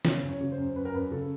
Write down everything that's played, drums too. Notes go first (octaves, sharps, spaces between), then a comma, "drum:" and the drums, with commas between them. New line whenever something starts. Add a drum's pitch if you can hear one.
C#3 C#5, drum: snare
F#2
C#5
C#3
C5
F#2
F#2 B4
A#4
F#2 B4
C#3 A4